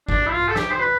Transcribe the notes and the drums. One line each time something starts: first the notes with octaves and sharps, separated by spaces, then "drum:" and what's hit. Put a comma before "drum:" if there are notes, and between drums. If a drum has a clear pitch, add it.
D4, drum: kick
E4
F4
A4
G4, drum: snare
C5
B4